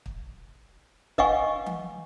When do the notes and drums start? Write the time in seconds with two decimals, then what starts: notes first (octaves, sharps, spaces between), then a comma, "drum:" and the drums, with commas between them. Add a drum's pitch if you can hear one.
0.06 drum: kick
1.18 B4 D#5 F5 F#5 G#5 C#6, drum: kick
1.66 drum: tom E3